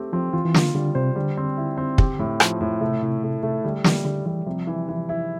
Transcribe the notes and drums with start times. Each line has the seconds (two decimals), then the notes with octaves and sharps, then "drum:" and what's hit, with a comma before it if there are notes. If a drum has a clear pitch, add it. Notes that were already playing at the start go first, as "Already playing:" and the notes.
Already playing: A3 C4 G4
0.13 F3 C4
0.33 E3 F4
0.45 E3
0.54 D3 F4, drum: snare
0.75 D3 G3
0.95 C3 C5
1.16 D3 G3
1.37 C4
1.57 E4
1.78 C4
1.98 G4, drum: kick
2.19 A2
2.40 F3, drum: rim click
2.61 A2
2.81 C3 A3
3.01 C3 E4
3.22 C3 A3
3.43 C3 A3
3.64 D3 G3
3.84 D3 G3, drum: snare
4.05 D3 G3
4.26 E3 G3
4.46 C3 F3
4.67 E3
4.88 E3
5.09 E4